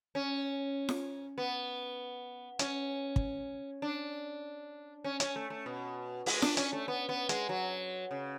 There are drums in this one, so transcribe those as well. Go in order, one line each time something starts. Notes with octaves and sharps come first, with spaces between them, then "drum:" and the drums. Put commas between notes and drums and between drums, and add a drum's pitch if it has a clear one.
C#4
drum: snare
B3
C#4, drum: hi-hat
drum: kick
D4
C#4
C#4, drum: hi-hat
A3
A3
B2
G#3, drum: open hi-hat
D4, drum: snare
C#4, drum: hi-hat
A3
B3
B3
G#3, drum: hi-hat
F#3
C#3